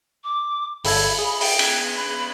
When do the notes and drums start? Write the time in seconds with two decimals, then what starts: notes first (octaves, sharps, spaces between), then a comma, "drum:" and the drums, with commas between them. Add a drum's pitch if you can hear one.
0.24 D6
0.84 G1 A4 B5 G#6, drum: open hi-hat
1.19 G#4
1.41 G5, drum: open hi-hat
1.59 drum: cymbal
1.96 B5